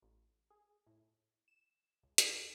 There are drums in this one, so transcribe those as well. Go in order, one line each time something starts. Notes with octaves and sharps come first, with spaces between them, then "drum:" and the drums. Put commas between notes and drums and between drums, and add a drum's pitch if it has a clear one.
A1
G#4
A2
E7
C#2
drum: hi-hat
E2